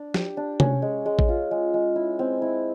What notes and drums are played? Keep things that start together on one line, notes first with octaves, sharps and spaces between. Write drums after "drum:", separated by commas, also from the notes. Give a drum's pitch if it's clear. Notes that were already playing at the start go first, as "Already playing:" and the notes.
Already playing: D4
G4, drum: snare
D4
C#4, drum: tom C3
G#3
G#3
drum: kick A1
F4
G#3
G#3
E4
C4
E4